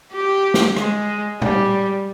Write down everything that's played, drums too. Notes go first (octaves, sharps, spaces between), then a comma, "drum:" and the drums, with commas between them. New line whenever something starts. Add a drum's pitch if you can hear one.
G4
drum: snare
G#3, drum: rim click
G3, drum: tom A2